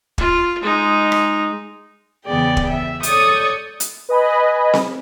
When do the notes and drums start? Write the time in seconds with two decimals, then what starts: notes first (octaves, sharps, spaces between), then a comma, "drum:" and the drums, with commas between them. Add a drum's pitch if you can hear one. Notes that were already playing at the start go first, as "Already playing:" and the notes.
0.18 F4, drum: kick
0.63 G#3 D#4
1.12 drum: rim click
2.26 E2 C#3 B3 G#4 D5 G5
2.57 drum: kick
2.71 E5
3.03 A4 C#5 D5 C#6 D#6 G6, drum: hi-hat
3.80 drum: hi-hat
4.09 B4 D#5 G#5 B5
4.73 drum: snare C4